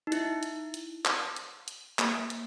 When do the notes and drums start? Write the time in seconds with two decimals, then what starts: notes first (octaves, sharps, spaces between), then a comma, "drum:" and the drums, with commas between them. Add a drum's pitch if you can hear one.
0.07 D#4
0.12 E4, drum: hi-hat
0.43 drum: hi-hat
0.74 drum: hi-hat
1.05 drum: clap
1.36 drum: hi-hat
1.68 drum: hi-hat
1.99 A#3, drum: clap
2.30 drum: hi-hat